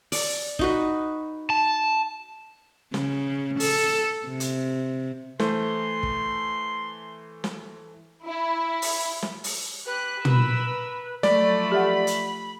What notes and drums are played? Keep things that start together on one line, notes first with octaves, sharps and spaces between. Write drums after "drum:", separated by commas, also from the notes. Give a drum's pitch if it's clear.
D5, drum: open hi-hat
D#4 F#4 B4, drum: kick
A5
C#3, drum: snare
A4, drum: open hi-hat
C3
drum: hi-hat
E3 A3 C5 C6, drum: snare
drum: kick
drum: snare
E4
drum: open hi-hat
drum: snare
drum: open hi-hat
G4 B4 F#6
A#4 B5 E6, drum: tom
F3 F#3 A3 D5 B5, drum: snare
G4 E5 F#5
drum: hi-hat